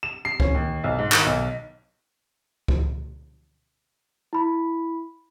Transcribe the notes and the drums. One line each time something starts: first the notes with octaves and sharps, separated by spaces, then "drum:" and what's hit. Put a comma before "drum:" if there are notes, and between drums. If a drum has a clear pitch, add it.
E7
C7
C#4, drum: kick C#2
D#2
B1
G#2
D#3, drum: clap
B1
drum: kick C#2
E4 B5